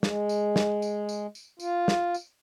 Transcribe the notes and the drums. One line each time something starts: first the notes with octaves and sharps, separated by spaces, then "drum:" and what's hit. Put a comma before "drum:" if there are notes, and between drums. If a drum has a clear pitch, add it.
G#3, drum: snare
drum: tambourine
drum: snare
drum: tambourine
drum: tambourine
drum: tambourine
F4, drum: tambourine
drum: snare
drum: tambourine